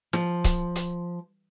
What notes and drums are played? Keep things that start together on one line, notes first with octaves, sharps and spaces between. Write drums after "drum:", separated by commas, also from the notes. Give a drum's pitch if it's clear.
F3, drum: snare
drum: kick C#1, hi-hat
drum: hi-hat